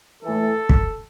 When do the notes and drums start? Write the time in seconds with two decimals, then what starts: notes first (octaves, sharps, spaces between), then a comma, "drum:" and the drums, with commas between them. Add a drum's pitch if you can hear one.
0.23 A2 E3 A4
0.69 drum: kick